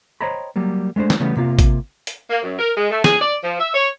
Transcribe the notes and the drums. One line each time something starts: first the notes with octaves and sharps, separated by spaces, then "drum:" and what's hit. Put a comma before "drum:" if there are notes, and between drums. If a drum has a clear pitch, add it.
C5 C#5 D#5 G5 A#5 B5
F#3 G3 A#3
G#3 A3 D4 C5
drum: snare
C#3 E3 G3 A3 B3 C#4
C3 A#3 F4
drum: kick, hi-hat
drum: hi-hat
A#3
F#2
A#4
G#3
A3
G#4, drum: snare
D5
F3
E5
C#5